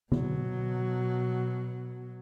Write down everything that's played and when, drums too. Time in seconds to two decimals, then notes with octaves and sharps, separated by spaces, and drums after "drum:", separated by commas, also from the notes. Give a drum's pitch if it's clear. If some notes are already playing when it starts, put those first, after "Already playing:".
0.12 B2 F#3, drum: tom D3